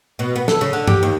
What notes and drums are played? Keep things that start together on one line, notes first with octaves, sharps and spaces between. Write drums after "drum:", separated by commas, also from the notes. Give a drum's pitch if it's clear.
B2
B3
A4, drum: snare
C#3
D3
G4, drum: tom
D#2